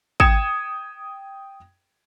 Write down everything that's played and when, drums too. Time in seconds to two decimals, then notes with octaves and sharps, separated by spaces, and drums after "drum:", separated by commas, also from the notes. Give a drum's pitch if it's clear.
0.20 G5 D#6 G#6 C#7 E7, drum: kick